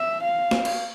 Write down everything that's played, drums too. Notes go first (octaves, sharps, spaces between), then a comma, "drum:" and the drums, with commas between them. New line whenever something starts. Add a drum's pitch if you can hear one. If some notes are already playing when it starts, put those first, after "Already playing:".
Already playing: E5
F5
drum: snare
drum: cymbal